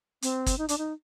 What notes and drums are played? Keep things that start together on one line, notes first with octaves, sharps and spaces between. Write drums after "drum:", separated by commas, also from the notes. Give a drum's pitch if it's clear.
C4, drum: hi-hat
drum: kick, hi-hat
D#4
D4, drum: hi-hat
D#4